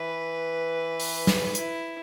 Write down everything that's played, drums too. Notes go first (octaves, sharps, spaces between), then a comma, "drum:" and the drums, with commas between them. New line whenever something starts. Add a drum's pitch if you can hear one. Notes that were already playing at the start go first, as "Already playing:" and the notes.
Already playing: E3 B4
drum: open hi-hat
drum: snare
E4, drum: hi-hat